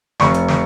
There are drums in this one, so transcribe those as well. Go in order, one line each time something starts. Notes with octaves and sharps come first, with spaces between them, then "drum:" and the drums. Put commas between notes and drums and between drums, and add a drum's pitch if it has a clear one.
F1 C#6, drum: snare
drum: hi-hat
drum: snare